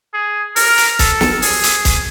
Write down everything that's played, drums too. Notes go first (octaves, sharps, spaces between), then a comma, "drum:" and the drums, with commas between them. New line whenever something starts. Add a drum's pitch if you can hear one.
G#4
A#4, drum: open hi-hat
drum: hi-hat
A4, drum: kick, hi-hat
drum: snare
G#4, drum: open hi-hat
drum: hi-hat
drum: kick, hi-hat